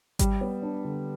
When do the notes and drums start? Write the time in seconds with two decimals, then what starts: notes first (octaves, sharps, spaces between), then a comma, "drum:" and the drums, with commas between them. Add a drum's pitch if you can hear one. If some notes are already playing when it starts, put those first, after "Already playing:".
0.19 G3, drum: kick G#1, hi-hat
0.41 B3
0.62 D4
0.85 D3